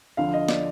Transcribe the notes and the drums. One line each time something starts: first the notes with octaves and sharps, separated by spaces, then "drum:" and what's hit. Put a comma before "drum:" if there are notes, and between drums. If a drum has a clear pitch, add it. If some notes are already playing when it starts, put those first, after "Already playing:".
D2 D3 F3 F5
D#5
D5, drum: snare